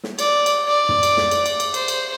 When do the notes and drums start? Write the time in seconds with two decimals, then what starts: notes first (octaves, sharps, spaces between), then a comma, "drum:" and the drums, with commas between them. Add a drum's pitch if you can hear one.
0.04 drum: snare
0.19 D5, drum: cymbal
0.46 drum: cymbal
0.68 D5
0.89 drum: tom
1.03 drum: cymbal
1.17 drum: snare
1.31 drum: cymbal
1.46 drum: cymbal
1.60 drum: cymbal
1.74 C5, drum: cymbal
1.88 drum: cymbal